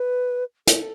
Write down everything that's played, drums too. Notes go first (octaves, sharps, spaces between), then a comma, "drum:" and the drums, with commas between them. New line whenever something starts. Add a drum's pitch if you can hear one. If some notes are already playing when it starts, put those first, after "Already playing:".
Already playing: B4
A4, drum: hi-hat